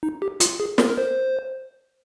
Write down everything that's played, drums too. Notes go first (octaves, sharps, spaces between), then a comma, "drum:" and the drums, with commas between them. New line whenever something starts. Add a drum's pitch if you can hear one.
D#4
G4
F4, drum: hi-hat
G#4
A#4, drum: snare
A#4
C5